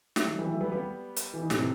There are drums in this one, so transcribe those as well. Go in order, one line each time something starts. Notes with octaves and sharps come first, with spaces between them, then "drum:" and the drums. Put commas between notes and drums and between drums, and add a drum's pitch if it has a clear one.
F#3 A3, drum: snare
D#3 F#3
E3 G3
F#3 A3
G3 B3
G3 B3
drum: hi-hat
E3
D#3
A2 C3, drum: snare